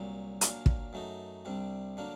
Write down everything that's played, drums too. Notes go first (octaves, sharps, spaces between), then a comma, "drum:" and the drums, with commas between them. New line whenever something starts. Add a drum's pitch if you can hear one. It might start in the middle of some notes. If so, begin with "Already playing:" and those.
Already playing: C2 A#2 F#3
A#2 F#3 A#3 D4, drum: hi-hat
drum: kick
F#2 F#3 A3 D#4
C2 C3 G3 D4
D3 F#3 A#3 D4